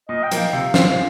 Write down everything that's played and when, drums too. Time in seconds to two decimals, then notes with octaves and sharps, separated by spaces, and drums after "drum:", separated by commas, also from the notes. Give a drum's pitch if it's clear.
0.09 A#2 D#5
0.23 G5
0.31 F3 A#3 D#4, drum: hi-hat
0.38 F5
0.53 C3
0.74 F3 C4 F4 C5, drum: snare